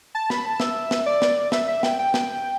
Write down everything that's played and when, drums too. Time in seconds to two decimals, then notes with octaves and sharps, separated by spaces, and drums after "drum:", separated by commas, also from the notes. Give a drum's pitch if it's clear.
0.15 A5
0.30 B5, drum: snare
0.45 A5
0.60 E5, drum: snare
0.91 drum: snare
1.06 D5
1.22 drum: snare
1.52 E5, drum: snare
1.68 E5
1.83 G5, drum: snare
1.99 G5
2.14 drum: snare